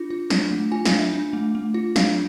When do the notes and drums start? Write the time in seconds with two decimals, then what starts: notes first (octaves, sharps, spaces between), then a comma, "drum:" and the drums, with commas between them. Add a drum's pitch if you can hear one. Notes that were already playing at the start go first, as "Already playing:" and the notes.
Already playing: D4 F4
0.10 F4
0.30 D4, drum: snare
0.51 A3
0.72 F4 G#5
0.86 F5, drum: snare
0.92 D4
0.99 E5
1.13 D4
1.33 A3
1.55 A3
1.74 F4
1.96 D4 F5, drum: snare